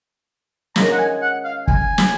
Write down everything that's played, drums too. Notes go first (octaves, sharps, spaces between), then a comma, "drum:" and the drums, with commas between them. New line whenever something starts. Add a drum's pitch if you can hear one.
D#3 G#3 C#4 F4 A#5, drum: snare
F#5
G#5
F#5
F5
G#5, drum: kick
drum: snare